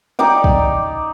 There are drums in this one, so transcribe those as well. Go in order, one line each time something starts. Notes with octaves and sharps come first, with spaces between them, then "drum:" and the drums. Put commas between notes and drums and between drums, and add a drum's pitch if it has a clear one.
D#4 G4 D5 D6
drum: kick